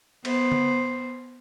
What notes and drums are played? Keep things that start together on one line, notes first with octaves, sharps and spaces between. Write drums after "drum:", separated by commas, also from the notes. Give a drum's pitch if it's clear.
B3 C5, drum: cymbal
drum: tom D3